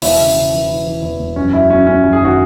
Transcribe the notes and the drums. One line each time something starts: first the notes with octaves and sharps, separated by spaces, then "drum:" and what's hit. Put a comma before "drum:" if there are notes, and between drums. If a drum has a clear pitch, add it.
E1 E4, drum: open hi-hat
C#3
C#3
E3
E3
E3
E2
E1
F#2 C#4
F#3 E4
F#3 C#4
F#3 C#4
F#2
G#4
G#1 F#4